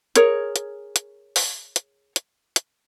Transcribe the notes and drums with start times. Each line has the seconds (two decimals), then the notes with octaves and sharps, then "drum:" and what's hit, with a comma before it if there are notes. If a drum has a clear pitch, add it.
0.16 G#4 A#4 C#5, drum: hi-hat
0.56 drum: hi-hat
0.96 drum: hi-hat
1.36 drum: open hi-hat
1.76 drum: hi-hat
2.16 drum: hi-hat
2.56 drum: hi-hat